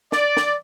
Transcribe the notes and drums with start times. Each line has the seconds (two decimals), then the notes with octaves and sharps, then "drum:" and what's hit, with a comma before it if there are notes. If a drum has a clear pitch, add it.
0.12 D5, drum: snare
0.37 drum: snare